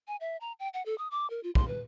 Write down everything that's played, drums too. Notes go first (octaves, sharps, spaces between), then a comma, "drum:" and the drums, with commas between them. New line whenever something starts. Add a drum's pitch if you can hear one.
G#5
E5
A#5
G5
F#5
A4
D#6
D6
A#4
F4
C6, drum: kick
B4